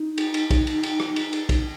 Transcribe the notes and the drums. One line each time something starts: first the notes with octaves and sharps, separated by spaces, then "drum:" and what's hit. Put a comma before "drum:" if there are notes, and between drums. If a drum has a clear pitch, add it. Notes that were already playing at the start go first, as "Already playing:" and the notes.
Already playing: D#4
drum: cymbal
drum: cymbal
drum: kick, cymbal
drum: cymbal
drum: cymbal
drum: rim click
drum: cymbal
drum: cymbal
drum: kick, cymbal